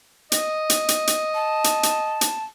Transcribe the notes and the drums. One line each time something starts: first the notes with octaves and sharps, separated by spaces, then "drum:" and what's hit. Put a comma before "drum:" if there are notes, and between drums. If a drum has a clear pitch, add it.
D#5, drum: hi-hat
drum: hi-hat
drum: hi-hat
drum: hi-hat
A5
drum: hi-hat
drum: hi-hat
drum: hi-hat